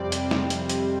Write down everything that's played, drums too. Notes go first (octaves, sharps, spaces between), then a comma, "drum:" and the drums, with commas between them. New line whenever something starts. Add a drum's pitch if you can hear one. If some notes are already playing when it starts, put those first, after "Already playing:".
Already playing: F2 C3 G3 C4 D5
drum: hi-hat
drum: snare
drum: hi-hat
drum: hi-hat